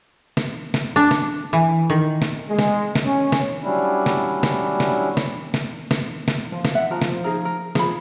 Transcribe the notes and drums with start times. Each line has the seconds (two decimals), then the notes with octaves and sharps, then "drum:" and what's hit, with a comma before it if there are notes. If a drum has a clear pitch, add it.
0.37 drum: snare
0.74 drum: snare
0.96 D4
1.11 drum: snare
1.53 E3
1.90 D#3
2.22 drum: snare
2.49 G#3
2.59 drum: snare
2.95 drum: snare
3.05 C#4
3.32 drum: snare
3.62 F#3 G3 C#4 D4 E4
4.06 drum: snare
4.43 drum: snare
4.80 drum: snare
5.17 drum: snare
5.54 drum: snare
5.91 drum: snare
6.28 drum: snare
6.52 F3
6.65 drum: snare
6.75 E5 F#5
6.91 F3 A#4
7.02 drum: snare
7.24 D#4 G#4 A#4
7.45 A#4
7.75 F3 G#4 B5, drum: snare